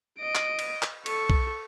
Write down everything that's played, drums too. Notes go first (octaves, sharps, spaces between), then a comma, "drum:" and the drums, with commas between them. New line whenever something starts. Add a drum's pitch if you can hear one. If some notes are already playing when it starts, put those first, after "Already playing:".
D#5 D7
drum: clap
drum: cymbal
drum: clap
A4 C#6, drum: cymbal
drum: kick B1